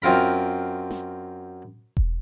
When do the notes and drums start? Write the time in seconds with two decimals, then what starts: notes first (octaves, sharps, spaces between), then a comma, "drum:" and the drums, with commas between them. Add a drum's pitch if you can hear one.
0.02 F#2 C4 F4 A#4 B5
0.91 drum: snare
1.97 drum: kick E1